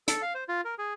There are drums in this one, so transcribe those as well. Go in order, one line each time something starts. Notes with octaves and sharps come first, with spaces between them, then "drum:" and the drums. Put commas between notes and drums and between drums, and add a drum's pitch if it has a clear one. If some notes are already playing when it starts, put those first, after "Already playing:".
A4, drum: hi-hat
F5
C5
F4
A#4
G#4